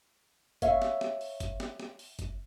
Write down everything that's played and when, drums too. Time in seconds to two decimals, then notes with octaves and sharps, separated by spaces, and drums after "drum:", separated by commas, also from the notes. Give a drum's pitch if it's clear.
0.62 C#5 E5 F5, drum: kick F#1, hi-hat
0.82 drum: snare
1.01 drum: snare
1.21 drum: open hi-hat
1.40 drum: kick F#1, hi-hat
1.60 drum: snare
1.80 drum: snare
1.99 drum: open hi-hat
2.19 drum: kick F#1, hi-hat